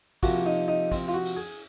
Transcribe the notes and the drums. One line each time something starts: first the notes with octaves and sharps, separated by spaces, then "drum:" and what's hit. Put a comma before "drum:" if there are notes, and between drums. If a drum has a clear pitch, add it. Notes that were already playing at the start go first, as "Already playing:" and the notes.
C3 F3 A#3 F#4, drum: kick, cymbal
D#4
D#4
C4, drum: kick, cymbal
F4
F#4
drum: cymbal
G#4